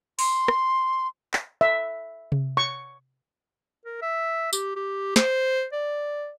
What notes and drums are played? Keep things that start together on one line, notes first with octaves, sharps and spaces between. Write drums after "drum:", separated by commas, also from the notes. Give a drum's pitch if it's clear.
C6, drum: open hi-hat
drum: rim click
drum: clap
E5
drum: tom C3
C#6
A#4
E5
G4, drum: tambourine
G4
C5, drum: snare
D5